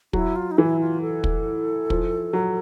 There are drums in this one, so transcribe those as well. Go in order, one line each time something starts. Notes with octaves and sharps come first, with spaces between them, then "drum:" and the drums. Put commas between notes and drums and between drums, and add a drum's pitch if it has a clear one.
F#3 E4, drum: kick
F4
D#4
E3 E4
F4
A4
drum: kick
F3, drum: kick
F#3